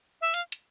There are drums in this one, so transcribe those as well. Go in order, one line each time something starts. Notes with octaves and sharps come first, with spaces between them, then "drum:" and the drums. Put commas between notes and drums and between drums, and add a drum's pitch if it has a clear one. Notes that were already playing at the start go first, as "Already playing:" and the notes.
E5
F5, drum: hi-hat
drum: hi-hat